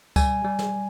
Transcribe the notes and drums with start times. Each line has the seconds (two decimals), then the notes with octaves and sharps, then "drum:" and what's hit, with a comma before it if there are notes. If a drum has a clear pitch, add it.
0.16 G3 G#5, drum: kick C#2, tambourine
0.44 G3
0.59 drum: snare